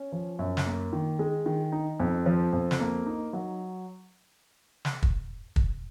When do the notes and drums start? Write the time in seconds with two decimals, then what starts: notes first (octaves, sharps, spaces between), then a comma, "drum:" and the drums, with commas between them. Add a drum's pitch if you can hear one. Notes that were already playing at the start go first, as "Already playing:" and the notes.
Already playing: C#4
0.12 F3
0.39 F#2
0.57 drum: snare
0.66 A#3
0.93 D#3
1.19 G#3
1.46 D#3
1.72 D#4
2.00 F2
2.26 F3
2.53 F2
2.71 drum: snare
2.80 A#3
3.06 D#4
3.33 F#3
4.85 drum: snare
5.03 drum: kick
5.56 drum: kick